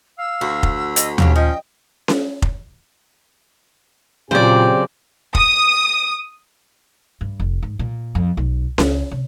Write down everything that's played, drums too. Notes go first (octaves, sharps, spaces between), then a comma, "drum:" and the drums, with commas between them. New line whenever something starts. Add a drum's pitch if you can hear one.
F5 E6
D2 F#4
drum: kick
D#5, drum: hi-hat
F#3 B3 C#4 G4 F5, drum: tom D#2
F3 D#5 G5
drum: snare C#4
drum: kick
A#2 C#3 F#3 C4 G4 C5 D5 G5
D#6, drum: kick
G2
F1
G#2
A#2
F2
B1
C#2, drum: snare C#4
C3